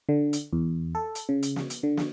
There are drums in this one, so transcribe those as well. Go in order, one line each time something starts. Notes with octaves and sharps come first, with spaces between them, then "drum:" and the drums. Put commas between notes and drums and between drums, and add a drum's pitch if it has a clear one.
D3
drum: hi-hat
E2
A4
drum: hi-hat
C#3
drum: hi-hat
drum: snare
drum: hi-hat
D3
drum: snare